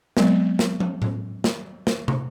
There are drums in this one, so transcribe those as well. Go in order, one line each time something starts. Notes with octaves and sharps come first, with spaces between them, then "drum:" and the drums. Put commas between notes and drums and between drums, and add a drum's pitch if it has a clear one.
F#3 G#3 B3 C4, drum: snare
drum: snare
drum: tom
drum: tom A2
drum: snare
drum: snare
drum: tom